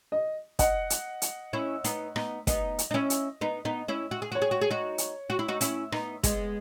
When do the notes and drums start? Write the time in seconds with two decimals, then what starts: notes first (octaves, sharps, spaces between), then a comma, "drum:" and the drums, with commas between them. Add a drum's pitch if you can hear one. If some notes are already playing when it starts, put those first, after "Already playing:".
0.12 D#5
0.59 D#5 F#5, drum: kick, hi-hat
0.90 drum: hi-hat
1.22 drum: hi-hat
1.53 C#4 E4
1.84 B3 D#4, drum: hi-hat
2.16 B3 D#4, drum: rim click
2.47 B3 D#4 D#5, drum: kick, hi-hat
2.79 drum: hi-hat
2.91 D#4
2.94 C#4 E4
3.10 drum: hi-hat
3.41 B3 D#4
3.65 B3 D#4
3.88 C#4 E4
4.11 F#4
4.22 G#4
4.32 F#4 C#5
4.42 G#4
4.51 F#4
4.61 G#4
4.70 D#4 F#4
4.98 drum: hi-hat
5.30 F#4
5.39 E4
5.48 D#4 F#4
5.61 C#4 E4, drum: hi-hat
5.92 B3 D#4, drum: rim click
6.23 G#3 B3, drum: kick, hi-hat